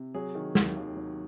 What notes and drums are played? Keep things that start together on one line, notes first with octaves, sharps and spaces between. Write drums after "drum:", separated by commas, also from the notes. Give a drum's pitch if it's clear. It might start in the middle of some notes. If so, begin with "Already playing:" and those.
Already playing: C3
F#3 G#4
D#3
D#2, drum: snare
D#2
F#3